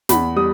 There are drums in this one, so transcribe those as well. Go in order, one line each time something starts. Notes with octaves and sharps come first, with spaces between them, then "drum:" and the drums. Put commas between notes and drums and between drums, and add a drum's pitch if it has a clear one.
E2 B5, drum: snare
G3 D#6